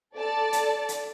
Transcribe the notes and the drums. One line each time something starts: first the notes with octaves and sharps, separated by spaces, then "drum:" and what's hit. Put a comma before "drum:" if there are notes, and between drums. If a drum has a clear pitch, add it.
A4 D5 A5
drum: hi-hat
drum: hi-hat